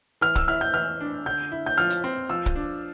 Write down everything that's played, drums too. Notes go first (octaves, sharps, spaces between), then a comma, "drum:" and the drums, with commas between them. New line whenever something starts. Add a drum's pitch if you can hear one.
E3 F6
E6, drum: kick
E4 F6
G6
E3 F6
D4
D3 G6
E4
G6
F3 F6
drum: hi-hat
C4
F3 E6
drum: kick
D4